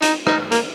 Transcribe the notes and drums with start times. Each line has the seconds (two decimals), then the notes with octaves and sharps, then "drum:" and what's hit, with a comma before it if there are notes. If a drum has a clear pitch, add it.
0.02 D#4, drum: hi-hat
0.27 D#4, drum: rim click
0.52 A#3, drum: hi-hat